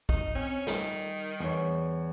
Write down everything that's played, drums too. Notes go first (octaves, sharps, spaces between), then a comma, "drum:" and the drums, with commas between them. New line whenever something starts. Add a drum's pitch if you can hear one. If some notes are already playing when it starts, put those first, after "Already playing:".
G#1 D#4, drum: kick
C4 C#4
D#3 G3, drum: snare
E2 C#5